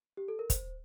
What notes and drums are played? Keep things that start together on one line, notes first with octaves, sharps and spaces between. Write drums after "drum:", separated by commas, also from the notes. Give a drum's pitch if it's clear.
G4
A4
A#4
C5, drum: kick, hi-hat